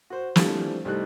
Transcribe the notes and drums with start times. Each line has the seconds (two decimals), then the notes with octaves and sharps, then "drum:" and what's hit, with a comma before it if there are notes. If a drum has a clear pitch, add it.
0.10 F#4 C5
0.36 E3 F3 G3 A3 C4 D4, drum: snare
0.85 C2 G3 A3 D#4 F#6